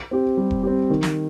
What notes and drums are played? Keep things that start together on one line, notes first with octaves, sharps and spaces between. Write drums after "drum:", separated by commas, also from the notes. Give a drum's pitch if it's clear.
C4 G4
G3
drum: kick E1
C4 G4
D#3
drum: snare